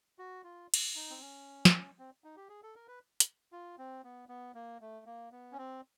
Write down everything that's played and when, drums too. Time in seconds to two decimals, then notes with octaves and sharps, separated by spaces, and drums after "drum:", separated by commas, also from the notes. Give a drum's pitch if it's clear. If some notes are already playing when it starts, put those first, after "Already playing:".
0.19 F#4
0.44 F4
0.74 drum: cymbal
0.96 D#4
1.10 C4
1.21 C#4
1.65 drum: snare
1.99 C4
2.24 D#4
2.37 G4
2.49 G#4
2.63 A4
2.75 A#4
2.88 B4
3.20 drum: hi-hat
3.52 F4
3.78 C4
4.04 B3
4.29 B3
4.55 A#3
4.81 A3
5.06 A#3
5.32 B3
5.52 C#4
5.58 C4